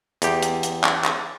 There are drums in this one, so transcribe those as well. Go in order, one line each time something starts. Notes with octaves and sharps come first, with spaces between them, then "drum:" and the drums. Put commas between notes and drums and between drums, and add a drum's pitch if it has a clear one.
E2 G4, drum: hi-hat
drum: hi-hat
drum: hi-hat
drum: clap
drum: clap